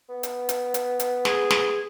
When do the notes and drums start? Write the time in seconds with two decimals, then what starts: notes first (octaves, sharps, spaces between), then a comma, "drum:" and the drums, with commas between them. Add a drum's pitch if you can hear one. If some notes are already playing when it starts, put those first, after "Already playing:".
0.09 B3
0.23 drum: hi-hat
0.49 drum: hi-hat
0.74 drum: hi-hat
1.00 drum: hi-hat
1.25 G#4, drum: snare
1.50 drum: snare